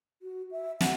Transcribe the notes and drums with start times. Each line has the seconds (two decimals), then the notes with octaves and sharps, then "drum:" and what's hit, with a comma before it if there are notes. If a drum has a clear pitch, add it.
0.22 F#4
0.51 E5
0.81 F#5, drum: snare